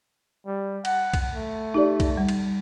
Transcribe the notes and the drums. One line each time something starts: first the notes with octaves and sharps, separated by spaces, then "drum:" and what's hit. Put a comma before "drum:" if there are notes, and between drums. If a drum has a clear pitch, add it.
G3
F#5, drum: cymbal
drum: kick B1, cymbal
A3
D#4 G4 D5
drum: kick B1, cymbal
G3
drum: cymbal